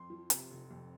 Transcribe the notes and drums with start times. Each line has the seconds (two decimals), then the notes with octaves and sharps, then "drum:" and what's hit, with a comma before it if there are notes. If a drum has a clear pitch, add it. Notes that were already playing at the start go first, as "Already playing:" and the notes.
Already playing: F2 C6
0.10 F3
0.30 C3, drum: hi-hat
0.51 F1
0.71 F2